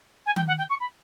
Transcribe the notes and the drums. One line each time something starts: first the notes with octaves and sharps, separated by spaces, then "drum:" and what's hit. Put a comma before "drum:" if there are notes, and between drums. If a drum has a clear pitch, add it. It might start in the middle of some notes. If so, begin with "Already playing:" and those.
G#5
G5, drum: tom D#3
F#5
G5
C#6
B5